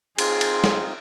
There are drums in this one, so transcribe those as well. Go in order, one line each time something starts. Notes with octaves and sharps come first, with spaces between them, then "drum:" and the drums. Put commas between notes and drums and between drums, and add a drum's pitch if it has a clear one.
C4 D#4 F4 G#4, drum: cymbal
drum: cymbal
drum: snare